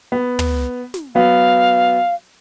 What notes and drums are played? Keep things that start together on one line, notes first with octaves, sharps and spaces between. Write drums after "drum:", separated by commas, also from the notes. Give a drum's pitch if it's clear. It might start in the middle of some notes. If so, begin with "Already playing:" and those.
B3
drum: tom
drum: snare
F#3 B3 F5